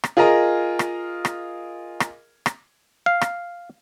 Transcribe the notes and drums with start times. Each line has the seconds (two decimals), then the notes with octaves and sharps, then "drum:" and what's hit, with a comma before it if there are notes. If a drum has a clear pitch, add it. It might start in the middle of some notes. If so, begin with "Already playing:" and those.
0.04 drum: rim click
0.17 F4 G#4 A#4 D#5 A#5
0.79 drum: rim click
1.25 drum: rim click
2.00 drum: rim click
2.46 drum: rim click
3.06 F5
3.21 drum: rim click